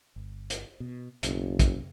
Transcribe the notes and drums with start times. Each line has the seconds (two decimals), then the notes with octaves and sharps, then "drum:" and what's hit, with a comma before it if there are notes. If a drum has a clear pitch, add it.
0.16 G1
0.50 drum: hi-hat
0.80 B2
1.23 F#1 B1 B2, drum: hi-hat
1.59 drum: kick, hi-hat